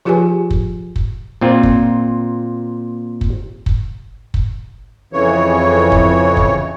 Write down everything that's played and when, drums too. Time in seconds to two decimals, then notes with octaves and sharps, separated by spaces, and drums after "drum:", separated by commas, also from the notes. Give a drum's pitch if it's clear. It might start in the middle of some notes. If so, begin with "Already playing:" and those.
0.05 F3 F4 G4 G#4 B4 G#5
0.50 drum: kick
0.96 drum: kick
1.41 A#2 C4 F4
1.63 drum: kick
3.21 drum: kick
3.66 drum: kick
4.34 drum: kick
5.13 F2 C#3 E3 C#5
5.92 drum: kick
6.37 drum: kick